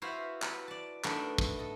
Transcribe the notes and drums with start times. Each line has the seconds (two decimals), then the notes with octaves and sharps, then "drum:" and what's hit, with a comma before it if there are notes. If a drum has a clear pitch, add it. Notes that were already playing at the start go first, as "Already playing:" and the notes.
0.02 E4 F#4 B4 C5 E5 F5
0.42 B4, drum: clap
0.68 D5 A5
1.04 A3 B3 D4 D#4 A#4 E5, drum: clap
1.38 drum: kick
1.59 A4 D#5